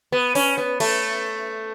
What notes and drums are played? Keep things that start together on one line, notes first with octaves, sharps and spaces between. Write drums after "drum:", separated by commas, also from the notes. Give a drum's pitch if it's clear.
B3
C#4, drum: open hi-hat
B3
A3, drum: cymbal